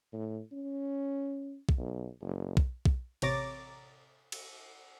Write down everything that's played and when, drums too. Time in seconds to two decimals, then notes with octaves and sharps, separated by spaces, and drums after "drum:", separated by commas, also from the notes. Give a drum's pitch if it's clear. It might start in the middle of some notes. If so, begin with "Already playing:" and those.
0.13 A2
0.52 C#4
1.69 drum: kick B1
1.78 B1
2.21 F#1
2.57 drum: kick B1
2.85 drum: kick B1
3.22 A1 C3 C#5 A#5 D6 A6, drum: cymbal
4.32 drum: cymbal